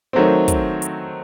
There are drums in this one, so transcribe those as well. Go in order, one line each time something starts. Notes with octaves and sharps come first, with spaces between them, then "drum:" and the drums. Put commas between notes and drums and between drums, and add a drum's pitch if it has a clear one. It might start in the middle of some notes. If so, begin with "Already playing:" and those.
D#3 F#3 A3 C4
drum: kick, hi-hat
drum: hi-hat